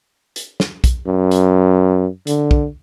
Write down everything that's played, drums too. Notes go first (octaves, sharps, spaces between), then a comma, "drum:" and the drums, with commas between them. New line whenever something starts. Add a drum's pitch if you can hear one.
drum: hi-hat
drum: snare
drum: kick, hi-hat
F#2
drum: hi-hat
D3, drum: hi-hat
drum: kick